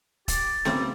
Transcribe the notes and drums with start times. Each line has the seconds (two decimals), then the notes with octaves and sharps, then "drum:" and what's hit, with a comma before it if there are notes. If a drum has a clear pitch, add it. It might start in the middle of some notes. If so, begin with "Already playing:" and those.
0.28 G4 A6, drum: kick, hi-hat
0.65 C#3 G3 A3 C4, drum: snare B3